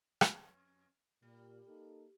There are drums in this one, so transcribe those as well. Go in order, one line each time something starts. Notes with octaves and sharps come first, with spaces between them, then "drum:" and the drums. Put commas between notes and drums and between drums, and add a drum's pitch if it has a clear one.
F2 C#4, drum: rim click
A#2 G3
A#3 D#4 A4